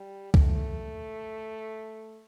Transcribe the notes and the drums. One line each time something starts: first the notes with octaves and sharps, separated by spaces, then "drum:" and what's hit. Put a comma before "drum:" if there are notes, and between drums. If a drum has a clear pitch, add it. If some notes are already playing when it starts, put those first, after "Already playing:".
Already playing: G3
A3, drum: kick C2